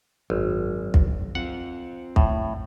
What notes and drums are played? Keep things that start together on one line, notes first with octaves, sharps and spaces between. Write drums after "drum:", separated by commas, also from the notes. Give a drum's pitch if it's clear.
G#1 F#2
drum: kick
C4 F4 F#5
A2, drum: kick